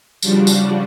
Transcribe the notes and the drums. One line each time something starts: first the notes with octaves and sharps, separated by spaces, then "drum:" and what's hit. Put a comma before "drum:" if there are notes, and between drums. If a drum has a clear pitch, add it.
C#3 F3 G3 D4 F#4, drum: tambourine
drum: tambourine